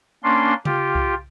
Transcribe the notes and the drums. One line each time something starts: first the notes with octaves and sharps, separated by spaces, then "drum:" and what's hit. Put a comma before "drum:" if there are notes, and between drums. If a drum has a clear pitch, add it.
A#3 C#4 D4 C6
F4 G4, drum: tom C#3
drum: kick C2